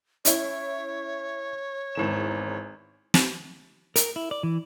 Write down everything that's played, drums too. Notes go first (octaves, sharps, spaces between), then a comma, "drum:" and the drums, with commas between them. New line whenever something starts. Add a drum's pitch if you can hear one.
C#4 E4 C#5, drum: hi-hat
G#1 E2 E7
drum: snare
A#4, drum: hi-hat
E4
D5
E3